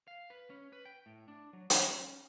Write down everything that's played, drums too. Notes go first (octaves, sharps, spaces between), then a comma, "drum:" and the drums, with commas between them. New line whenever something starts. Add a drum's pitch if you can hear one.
F5
B4
C#4
B4
G5
A2
D4
F#3
F#3, drum: hi-hat
C#4